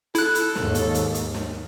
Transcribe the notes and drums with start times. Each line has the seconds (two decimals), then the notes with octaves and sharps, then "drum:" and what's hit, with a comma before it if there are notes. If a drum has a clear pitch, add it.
0.15 E4 A4 F#6, drum: hi-hat
0.35 drum: hi-hat
0.55 D#2 G#2, drum: snare
0.75 drum: hi-hat
0.95 drum: hi-hat
1.14 drum: hi-hat
1.34 drum: snare